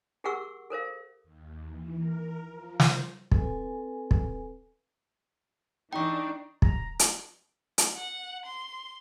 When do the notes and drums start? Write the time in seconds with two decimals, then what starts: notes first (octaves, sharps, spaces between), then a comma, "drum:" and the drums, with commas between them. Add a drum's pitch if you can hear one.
0.24 G4 G#4 A#4 F#5 C#6 E6
0.70 A4 A#4 C5 F5
1.24 D#2
1.69 E3
1.98 A#4
2.50 F3
2.80 C5, drum: snare
3.32 C4 A4 B4 G#5, drum: kick
4.11 drum: kick
5.93 E3 D4 D#4 D5 G5 C#6
6.62 A#5, drum: kick
6.99 drum: hi-hat
7.78 drum: hi-hat
7.96 F#5
8.45 C6